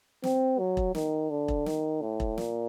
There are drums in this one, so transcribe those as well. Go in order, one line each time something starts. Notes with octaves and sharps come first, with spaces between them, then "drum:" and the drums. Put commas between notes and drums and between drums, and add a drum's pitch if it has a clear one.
C4, drum: snare
F#3
drum: kick E1
D#3, drum: snare
D3
drum: kick E1
D#3, drum: snare
A2
drum: kick E1
A#2, drum: snare